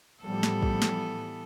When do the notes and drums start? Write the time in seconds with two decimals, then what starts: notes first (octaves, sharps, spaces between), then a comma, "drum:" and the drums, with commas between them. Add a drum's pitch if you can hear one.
0.24 A2 E3 F3 G3 B3 A4
0.43 drum: snare
0.62 drum: kick
0.82 drum: snare